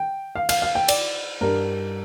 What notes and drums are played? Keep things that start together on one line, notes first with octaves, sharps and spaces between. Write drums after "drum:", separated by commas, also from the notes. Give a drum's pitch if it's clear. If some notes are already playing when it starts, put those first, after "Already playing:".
Already playing: G5
F5
F5, drum: cymbal
F5
G5
D5, drum: cymbal
G2 G3 D4 A#4